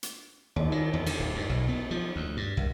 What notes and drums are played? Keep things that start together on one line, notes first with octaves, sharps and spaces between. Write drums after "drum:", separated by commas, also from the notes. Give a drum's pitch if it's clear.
drum: hi-hat
D#2, drum: cymbal
D#3
E2
D3, drum: cymbal
D1
G2
B1
B3
F3
D2
G2
C2